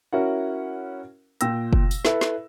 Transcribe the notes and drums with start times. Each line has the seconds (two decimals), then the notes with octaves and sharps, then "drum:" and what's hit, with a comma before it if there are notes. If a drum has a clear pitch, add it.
0.13 C#4 E4 F#4 A#4 E5 F#5
1.41 A#2 G5 E6 A#6, drum: hi-hat
1.73 drum: kick
1.91 drum: tambourine
2.05 E4 A4 B4 E5, drum: snare
2.21 drum: snare